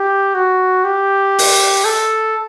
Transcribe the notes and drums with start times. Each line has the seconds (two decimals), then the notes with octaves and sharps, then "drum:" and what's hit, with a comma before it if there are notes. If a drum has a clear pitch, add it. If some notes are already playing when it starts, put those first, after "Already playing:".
Already playing: G4
0.34 F#4
0.84 G4
1.39 drum: open hi-hat
1.85 A4